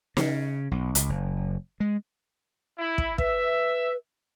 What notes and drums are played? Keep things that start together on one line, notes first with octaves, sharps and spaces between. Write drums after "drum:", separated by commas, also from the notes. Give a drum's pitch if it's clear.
C#3, drum: snare
B1
C#2, drum: hi-hat
F#1
G#3
E4
drum: kick
B4 E5, drum: kick